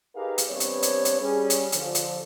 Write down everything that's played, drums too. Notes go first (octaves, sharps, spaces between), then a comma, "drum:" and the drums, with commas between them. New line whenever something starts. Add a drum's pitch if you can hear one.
D#4 G4 G#4 A#4 B4 F5
drum: hi-hat
E3 G3 B3 C4 D4 C#5
drum: hi-hat
drum: hi-hat
drum: hi-hat
G3 C#4 G#4
drum: hi-hat
D3 F3, drum: hi-hat
drum: hi-hat